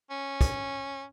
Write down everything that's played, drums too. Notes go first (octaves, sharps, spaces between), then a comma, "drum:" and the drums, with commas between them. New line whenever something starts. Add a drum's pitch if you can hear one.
C#4
drum: kick, hi-hat